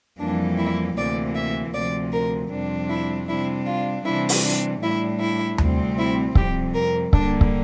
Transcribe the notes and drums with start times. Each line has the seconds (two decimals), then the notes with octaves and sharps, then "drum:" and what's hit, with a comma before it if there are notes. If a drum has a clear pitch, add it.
0.19 F2 E3 G3 A#3 D4
0.58 E4
0.97 D2 C3 E3 A#3 D5
1.35 E5
1.73 D2 C3 F3 D5
2.12 A#4
2.50 F2 C3 G3 D4
2.89 E4
3.28 C3 G3 D4 E4
3.66 F4
4.05 C3 E3 G3 D4 E4
4.29 drum: open hi-hat
4.43 D4
4.81 A2 G3 D4 E4
5.20 E4
5.58 D2 C3 G3 C4, drum: tom D#2
5.98 E4
6.35 F2 C3 G3 G4, drum: kick C#1
6.74 A#4
7.13 G2 D3 G3 A#3 D4, drum: kick C#1
7.41 drum: kick C#1